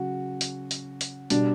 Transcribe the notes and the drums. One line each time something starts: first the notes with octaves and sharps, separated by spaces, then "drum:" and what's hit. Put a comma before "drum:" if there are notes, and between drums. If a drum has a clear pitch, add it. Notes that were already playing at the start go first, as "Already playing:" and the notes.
Already playing: C#3 F#3 F#4
drum: hi-hat
drum: hi-hat
drum: hi-hat
B2 G3 D4, drum: hi-hat